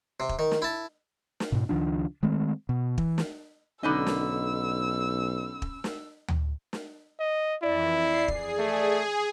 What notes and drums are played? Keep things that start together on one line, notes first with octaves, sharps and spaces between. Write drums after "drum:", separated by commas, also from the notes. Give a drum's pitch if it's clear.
C3
drum: kick
D#3
drum: snare
E4 A5
drum: snare
G#2 B2
C#2 D#3 F3 D4
D#3 G#3 A3 C4
B2
E3, drum: kick
drum: snare
B1 D3 C#4 D#4 D#5 B5 E6
drum: snare
drum: kick
drum: snare
drum: tom D2
drum: snare
D#5
F2 E3 E4 D5
C7
G#4, drum: kick
A3